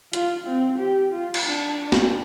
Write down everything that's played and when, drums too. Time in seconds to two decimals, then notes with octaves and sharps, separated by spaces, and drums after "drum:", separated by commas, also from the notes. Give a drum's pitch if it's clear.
0.13 F4, drum: hi-hat
0.47 C4
0.78 G4
1.12 F4
1.34 drum: cymbal
1.46 D4
1.92 drum: snare